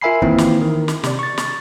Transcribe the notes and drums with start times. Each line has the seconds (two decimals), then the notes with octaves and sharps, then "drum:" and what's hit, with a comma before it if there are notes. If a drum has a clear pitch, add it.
0.02 F4 A#4 E5 G#5 B5 C7
0.22 D#3 E3 A#3 C4 E4, drum: kick
0.38 drum: snare
0.61 D#3
0.88 drum: snare
1.04 C3 D5, drum: snare
1.19 C#6 A6
1.38 drum: snare